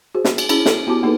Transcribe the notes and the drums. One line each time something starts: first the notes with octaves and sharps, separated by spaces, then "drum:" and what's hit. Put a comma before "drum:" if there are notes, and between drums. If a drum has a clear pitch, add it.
F#4 G#4 C5
drum: snare
drum: cymbal
C#4 E4 G#4, drum: cymbal
A4, drum: snare
B3 E4 F#4 G4 A5 D6
A#3 D#4 F#4 G#4 A4 B4